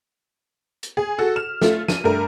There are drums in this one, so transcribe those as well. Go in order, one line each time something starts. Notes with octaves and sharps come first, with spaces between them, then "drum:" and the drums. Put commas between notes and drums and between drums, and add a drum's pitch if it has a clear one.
drum: hi-hat
G#4
F#4 A4
F6 E7
A3 F4, drum: snare
D#7, drum: snare
G2 A3 A#4